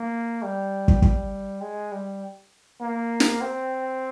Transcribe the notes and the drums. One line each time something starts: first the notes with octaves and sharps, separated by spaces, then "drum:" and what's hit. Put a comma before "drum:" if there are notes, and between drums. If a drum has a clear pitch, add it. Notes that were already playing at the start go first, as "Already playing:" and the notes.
Already playing: A#3
G3
drum: kick
G3, drum: kick
G#3
G3
A#3
drum: snare
C4